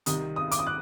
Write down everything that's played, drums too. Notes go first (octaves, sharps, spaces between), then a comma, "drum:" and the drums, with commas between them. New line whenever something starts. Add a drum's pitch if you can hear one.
C2 C3 D#3 D#6, drum: hi-hat
D#6
D6, drum: hi-hat
D#6
F#6